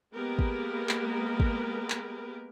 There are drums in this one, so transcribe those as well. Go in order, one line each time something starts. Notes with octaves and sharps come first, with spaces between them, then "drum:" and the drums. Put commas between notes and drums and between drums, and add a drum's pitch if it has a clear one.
G#3 A#3 B3 G4 A#4 B4
drum: kick
drum: clap
drum: kick
drum: clap